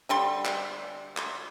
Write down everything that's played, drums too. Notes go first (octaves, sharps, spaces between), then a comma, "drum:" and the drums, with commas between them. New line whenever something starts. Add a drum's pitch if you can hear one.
D3 G3 C6
drum: clap
drum: clap